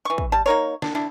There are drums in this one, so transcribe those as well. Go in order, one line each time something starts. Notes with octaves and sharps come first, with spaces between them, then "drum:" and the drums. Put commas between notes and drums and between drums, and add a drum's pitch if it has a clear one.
E3 C#6
drum: kick
G3 A5
A#3 D#4 A#4 C#5
D4, drum: snare
D4 E4